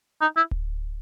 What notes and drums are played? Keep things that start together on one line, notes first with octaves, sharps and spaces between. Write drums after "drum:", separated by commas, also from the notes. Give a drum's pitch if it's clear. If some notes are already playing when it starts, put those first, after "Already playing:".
D#4
E4
drum: kick D1